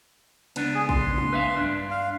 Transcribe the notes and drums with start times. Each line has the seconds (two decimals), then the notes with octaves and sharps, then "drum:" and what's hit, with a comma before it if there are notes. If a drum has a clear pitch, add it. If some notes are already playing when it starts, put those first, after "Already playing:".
0.56 C#2 B3 D4, drum: cymbal
0.75 G#4
0.89 C6, drum: kick
1.18 drum: tom
1.33 B4 E5 F5
1.57 G2 D4
1.91 F5